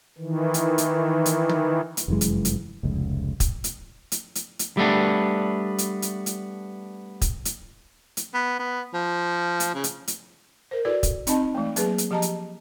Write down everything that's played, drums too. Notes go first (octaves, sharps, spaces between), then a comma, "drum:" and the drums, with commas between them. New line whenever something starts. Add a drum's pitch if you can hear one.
D#3 E3
drum: hi-hat
drum: hi-hat
drum: hi-hat
drum: tom
drum: hi-hat
F1 F#2 E3 G#3
drum: hi-hat
drum: hi-hat
F1 C#2
drum: kick, hi-hat
drum: hi-hat
drum: hi-hat
drum: hi-hat
drum: hi-hat
G3 A3 B3 D4
drum: hi-hat
drum: hi-hat
drum: hi-hat
drum: kick, hi-hat
drum: hi-hat
drum: hi-hat
B3
B3
F3
drum: hi-hat
C#3
drum: hi-hat
drum: hi-hat
A#4 C5
E4 F#4 A4 B4 D5
drum: kick, hi-hat
C4 D#4 D#5 A5 B5, drum: hi-hat
E3 G#3 A3
F#3 A#3 G#4 B4, drum: hi-hat
drum: hi-hat
F3 G4 D#5 A5 A#5
drum: hi-hat